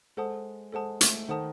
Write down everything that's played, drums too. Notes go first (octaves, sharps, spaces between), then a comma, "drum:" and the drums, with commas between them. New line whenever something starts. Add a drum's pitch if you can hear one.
G#3 A4 C5 F#5 A5 D#6
G#3 A4 C5 F#5 A5 D#6
A3, drum: hi-hat
D#3 A4 C5 F#5 A5 D#6